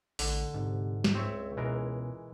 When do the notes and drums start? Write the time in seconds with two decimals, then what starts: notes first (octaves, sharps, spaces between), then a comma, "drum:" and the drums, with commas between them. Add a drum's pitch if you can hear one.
0.19 A1 D3, drum: open hi-hat
0.54 G#2 C3
1.04 drum: snare
1.15 C#2 C4 C#5 E5
1.57 B2 E3 G#3 A#4